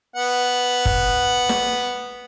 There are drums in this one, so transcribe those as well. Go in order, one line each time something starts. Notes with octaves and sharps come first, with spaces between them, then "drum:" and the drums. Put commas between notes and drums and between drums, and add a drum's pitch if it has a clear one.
B3 F#5
drum: kick F#1
drum: snare